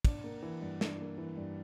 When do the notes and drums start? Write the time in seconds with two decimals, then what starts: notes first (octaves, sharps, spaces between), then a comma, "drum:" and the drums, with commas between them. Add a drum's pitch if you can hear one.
0.05 D4, drum: kick, cymbal
0.24 A#3
0.43 E3
0.62 G2
0.81 D4, drum: snare
1.00 A#3
1.18 E3
1.37 G2